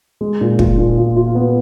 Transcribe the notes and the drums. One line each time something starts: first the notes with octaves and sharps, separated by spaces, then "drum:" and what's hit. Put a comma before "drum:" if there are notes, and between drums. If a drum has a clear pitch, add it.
G#3
A#2
F4, drum: kick
A#2
F4
F4
B3